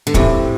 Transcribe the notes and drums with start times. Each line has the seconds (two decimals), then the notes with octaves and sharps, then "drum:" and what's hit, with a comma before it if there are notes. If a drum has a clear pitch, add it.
0.07 D3
0.14 A2 C3 E3 G3 C4 G4, drum: kick